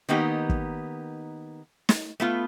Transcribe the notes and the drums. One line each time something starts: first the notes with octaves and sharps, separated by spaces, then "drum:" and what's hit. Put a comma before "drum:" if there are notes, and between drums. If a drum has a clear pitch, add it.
D#3 A#3 B3 D#4 G4
drum: kick
drum: snare
A3 B3 F4